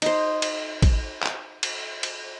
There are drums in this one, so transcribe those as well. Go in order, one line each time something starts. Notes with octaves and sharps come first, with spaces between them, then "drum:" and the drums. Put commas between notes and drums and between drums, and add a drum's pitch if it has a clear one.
D#4 C5, drum: cymbal
drum: cymbal
drum: kick, cymbal
drum: clap
drum: cymbal
drum: cymbal